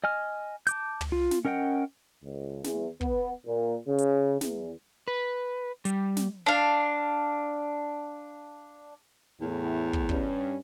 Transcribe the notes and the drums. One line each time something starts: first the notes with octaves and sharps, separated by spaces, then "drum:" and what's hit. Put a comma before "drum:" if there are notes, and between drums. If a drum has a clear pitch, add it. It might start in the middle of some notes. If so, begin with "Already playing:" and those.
D#5 G#5 F6
A5 D6 G6, drum: hi-hat
drum: tom
F4
drum: snare
C#4 A#4 D#5 F#5 G5
C#2
E2, drum: snare
B3, drum: kick
A#2
C#3
drum: hi-hat
E2, drum: snare
B4
G3, drum: hi-hat
drum: snare
D4 F5
E2 A2
drum: kick
G2 C#4, drum: kick